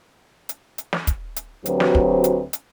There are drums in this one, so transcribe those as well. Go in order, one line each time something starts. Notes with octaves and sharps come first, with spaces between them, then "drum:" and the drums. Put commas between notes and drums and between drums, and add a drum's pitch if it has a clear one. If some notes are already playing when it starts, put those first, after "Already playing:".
drum: hi-hat
drum: hi-hat
drum: snare
drum: kick, hi-hat
drum: hi-hat
D2 F#3 C4 G4 B4 C5, drum: hi-hat
drum: snare
drum: kick
drum: hi-hat
drum: hi-hat